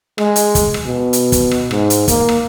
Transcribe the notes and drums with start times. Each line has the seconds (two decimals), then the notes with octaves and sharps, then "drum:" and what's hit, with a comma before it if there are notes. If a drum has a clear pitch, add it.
0.18 G#3, drum: rim click
0.36 drum: hi-hat
0.55 drum: kick, hi-hat
0.74 drum: rim click
0.86 B2
1.13 drum: hi-hat
1.32 drum: kick, hi-hat
1.51 drum: rim click
1.71 G#2, drum: rim click
1.90 drum: hi-hat
2.08 A#3, drum: kick, hi-hat
2.29 drum: rim click